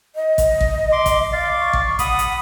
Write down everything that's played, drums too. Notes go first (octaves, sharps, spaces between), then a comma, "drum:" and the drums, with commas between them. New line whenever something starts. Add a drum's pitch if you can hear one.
D#5
drum: kick, hi-hat
drum: kick
C6 D6
drum: kick, hi-hat
D5 F5
C#6
drum: kick
F#5 B5 D#6, drum: kick, hi-hat
drum: hi-hat